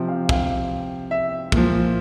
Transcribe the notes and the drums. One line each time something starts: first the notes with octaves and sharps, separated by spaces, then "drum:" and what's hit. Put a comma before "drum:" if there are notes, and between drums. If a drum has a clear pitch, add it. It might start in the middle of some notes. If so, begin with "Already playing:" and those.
Already playing: C3 F3 G5
F5
F5, drum: kick
E5
A#2 F3, drum: kick